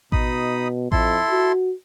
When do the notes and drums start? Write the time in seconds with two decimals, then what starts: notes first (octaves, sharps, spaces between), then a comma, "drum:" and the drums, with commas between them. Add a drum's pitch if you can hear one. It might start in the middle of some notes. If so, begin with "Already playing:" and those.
0.12 B2 D#4 B5 D#6, drum: kick A1
0.92 F2 E4 A4 C6, drum: kick A1
1.31 F#4